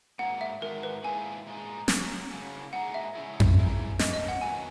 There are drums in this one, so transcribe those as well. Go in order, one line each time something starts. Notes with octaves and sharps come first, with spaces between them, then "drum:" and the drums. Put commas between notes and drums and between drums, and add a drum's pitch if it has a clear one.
G#2 F#3 A#3 F#5
E5
G#2 D#3 G#3 D#4 F#4 A#4
B4
G#2 D#3 A#3 E4 G#4 G#5
A#2 G#3 D#4 G#4
F#2 D#3 F#3 C#4, drum: snare
C#3 F#3 A#3 C#4
G#2 F#3 A#3 D#4 G#4 F#5
E5
C#3 G#3 C#4 E4 G#4
drum: tom F2
B2 A#3 E4 G#4
B2 A#3 C#4 D#5, drum: snare
D#5
F#5
D#3 F#3 B3 F#4 G#5